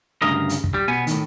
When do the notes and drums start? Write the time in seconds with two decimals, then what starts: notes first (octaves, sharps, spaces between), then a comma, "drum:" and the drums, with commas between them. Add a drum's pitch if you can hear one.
0.22 D2 G2 C#3 A#4 D#5
0.49 drum: hi-hat
0.64 drum: kick
0.74 G3
0.88 B2 B3 G#5
1.07 A2 D#3, drum: hi-hat